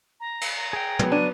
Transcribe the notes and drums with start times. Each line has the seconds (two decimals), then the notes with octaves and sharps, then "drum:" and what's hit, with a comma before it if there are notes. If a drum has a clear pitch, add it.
0.20 A#5
0.41 drum: cymbal
0.56 A#5
0.73 G#4 G5
0.99 F#3 B3, drum: tom
1.12 D4 D#7